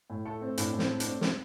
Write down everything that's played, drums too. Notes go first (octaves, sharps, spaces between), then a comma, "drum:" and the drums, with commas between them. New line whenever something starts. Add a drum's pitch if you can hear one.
A2
A3 A4
C4
A2 D4, drum: hi-hat
A2
C4, drum: snare
A3
D4, drum: hi-hat
C4
C4, drum: snare